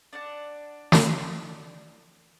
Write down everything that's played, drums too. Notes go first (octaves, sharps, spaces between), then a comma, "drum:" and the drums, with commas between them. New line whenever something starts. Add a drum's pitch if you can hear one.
D4 D5 F#5 A5
drum: snare